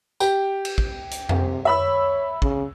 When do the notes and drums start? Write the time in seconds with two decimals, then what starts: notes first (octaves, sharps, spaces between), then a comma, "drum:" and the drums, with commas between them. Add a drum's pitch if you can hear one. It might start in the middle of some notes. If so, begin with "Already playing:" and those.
0.20 G4, drum: tambourine
0.65 drum: cymbal
0.78 drum: kick
1.11 drum: hi-hat
1.29 C3, drum: tom F2
1.65 C#5 E5 B5 E6
2.42 C#3, drum: kick